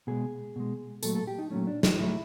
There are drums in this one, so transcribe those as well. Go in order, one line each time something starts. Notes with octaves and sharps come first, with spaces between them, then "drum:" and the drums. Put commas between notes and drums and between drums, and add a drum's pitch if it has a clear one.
B2 G#3 G#4
B2 G#3
A#2 F#3 A3 A4, drum: tambourine
A4
G4
D#4
A#2 F#3 A3 C#4
D4
D#4, drum: snare
A2 F#3 A3 E4